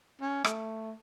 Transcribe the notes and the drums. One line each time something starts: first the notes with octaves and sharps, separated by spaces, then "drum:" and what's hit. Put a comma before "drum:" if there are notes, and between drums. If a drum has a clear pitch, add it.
C#4
A3, drum: rim click